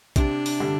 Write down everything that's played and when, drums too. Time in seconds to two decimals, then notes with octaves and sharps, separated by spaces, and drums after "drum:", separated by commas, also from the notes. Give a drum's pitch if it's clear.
0.16 C3 D4, drum: kick A#1, hi-hat
0.46 drum: open hi-hat
0.60 D3 G3